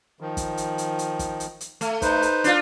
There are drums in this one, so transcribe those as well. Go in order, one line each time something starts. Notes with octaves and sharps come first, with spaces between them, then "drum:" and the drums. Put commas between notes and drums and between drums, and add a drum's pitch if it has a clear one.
D#3 F3
drum: kick, hi-hat
drum: hi-hat
drum: hi-hat
drum: hi-hat
drum: kick, hi-hat
drum: hi-hat
drum: hi-hat
A3, drum: hi-hat
D#4 B4 C5, drum: kick, hi-hat
drum: hi-hat
D4 F4, drum: hi-hat